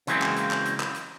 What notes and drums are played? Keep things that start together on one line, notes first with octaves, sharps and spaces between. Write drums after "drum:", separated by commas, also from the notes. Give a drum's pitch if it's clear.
C#3 E3 F#3 G#3 A#3 C4, drum: hi-hat
drum: clap
drum: hi-hat
drum: clap
drum: hi-hat
drum: clap
drum: hi-hat